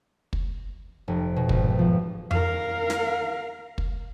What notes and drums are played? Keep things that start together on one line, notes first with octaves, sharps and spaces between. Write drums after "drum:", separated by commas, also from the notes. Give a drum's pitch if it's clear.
drum: kick
F1
B2
G#1, drum: kick
F3
A#4 F5, drum: tom F2
drum: snare
drum: kick